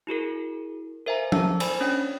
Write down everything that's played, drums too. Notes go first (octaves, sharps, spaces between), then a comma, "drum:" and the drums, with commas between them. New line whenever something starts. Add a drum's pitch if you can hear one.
E4 F#4 G#4 A#4
A#4 C5 E5 F5 G#5 A#5
A4 A5 E6, drum: tom F3
C5 D5 G#5 B5, drum: cymbal
C#4 D4 C#5 D5 G5 B5